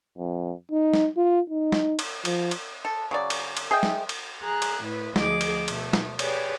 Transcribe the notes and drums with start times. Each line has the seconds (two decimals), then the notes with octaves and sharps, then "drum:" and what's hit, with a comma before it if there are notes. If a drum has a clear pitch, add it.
0.18 F2
0.71 D#4
0.93 drum: snare
1.17 F4
1.50 D#4
1.72 drum: snare
1.99 drum: cymbal
2.25 F3, drum: cymbal
2.51 drum: cymbal
2.85 A4
3.11 C#3 F#3 D5
3.30 drum: cymbal
3.57 drum: cymbal
3.71 G#4 D#5 E5 G5
3.83 drum: snare
4.09 drum: cymbal
4.42 G#4 A#5 F#6
4.62 drum: cymbal
4.83 A2 E4 B4
5.16 D2 F3 G#4 D#5 D6, drum: snare
5.41 drum: cymbal
5.68 B2 A3, drum: cymbal
5.93 drum: snare
6.19 G4 G#4 B4 C#5 D5, drum: cymbal